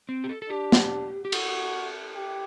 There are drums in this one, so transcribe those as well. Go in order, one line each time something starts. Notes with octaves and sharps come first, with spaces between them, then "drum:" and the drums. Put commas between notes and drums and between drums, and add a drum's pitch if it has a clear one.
C4
G4
A4
A4
D4 G4
drum: snare
G4
F#4 A4, drum: cymbal
G4